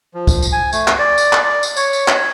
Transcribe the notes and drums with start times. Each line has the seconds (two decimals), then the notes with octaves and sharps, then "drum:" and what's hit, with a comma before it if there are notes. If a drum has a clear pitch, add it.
0.14 F3
0.27 drum: kick, tambourine
0.42 drum: tambourine
0.52 G#5
0.73 A3, drum: tambourine
0.88 drum: clap
0.99 D5
1.18 drum: tambourine
1.33 drum: clap
1.43 D5
1.63 drum: tambourine
1.76 C#5, drum: tambourine
1.93 drum: tambourine
2.08 drum: clap